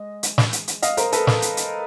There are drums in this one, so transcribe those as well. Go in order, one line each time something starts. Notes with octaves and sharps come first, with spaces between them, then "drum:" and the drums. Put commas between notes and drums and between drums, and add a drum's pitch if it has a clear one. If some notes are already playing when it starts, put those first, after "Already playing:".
Already playing: G#3 D#5
drum: hi-hat
drum: snare
drum: hi-hat
drum: hi-hat
D#5 F5, drum: hi-hat
A#4 C5, drum: hi-hat
A4 B4, drum: hi-hat
drum: snare
drum: hi-hat
drum: hi-hat